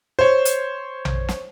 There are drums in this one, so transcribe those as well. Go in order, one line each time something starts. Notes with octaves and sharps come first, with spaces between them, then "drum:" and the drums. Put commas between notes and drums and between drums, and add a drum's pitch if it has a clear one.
C5 C#5
drum: hi-hat
drum: tom A#1
drum: snare